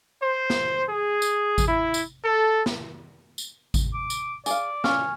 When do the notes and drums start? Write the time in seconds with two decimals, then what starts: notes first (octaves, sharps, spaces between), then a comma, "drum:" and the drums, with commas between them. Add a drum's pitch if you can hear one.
0.21 C5
0.50 drum: snare
0.90 G#4
1.22 drum: tambourine
1.58 drum: kick G#1, tambourine
1.68 E4
1.94 drum: tambourine
2.24 A4
2.66 drum: snare
3.38 drum: tambourine
3.74 drum: kick G#1, tambourine
3.93 D6
4.10 drum: tambourine
4.46 G#4 D5 F5, drum: tambourine
4.84 C#4 F4 G#5 C#6 F6, drum: snare